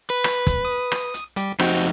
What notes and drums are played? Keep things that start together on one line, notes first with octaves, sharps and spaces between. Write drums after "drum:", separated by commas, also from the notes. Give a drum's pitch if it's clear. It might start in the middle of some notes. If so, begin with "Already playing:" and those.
B4
drum: rim click
drum: kick, hi-hat
D#6
drum: rim click
drum: hi-hat
G3 G4, drum: hi-hat
F2 C4 D#4 F#4 G5, drum: rim click